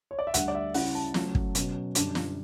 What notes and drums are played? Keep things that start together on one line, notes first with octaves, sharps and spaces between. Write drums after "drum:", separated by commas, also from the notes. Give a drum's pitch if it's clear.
C#5
D5
E5
D2 D3 G3 F#5, drum: hi-hat
D5
E5
C#3 G3 C#4 E4 F#5, drum: open hi-hat
A5
C#3 F#3 A3, drum: snare
drum: kick
B2 F#3 C#4, drum: hi-hat
F#2 D3 G3 D4, drum: hi-hat
drum: snare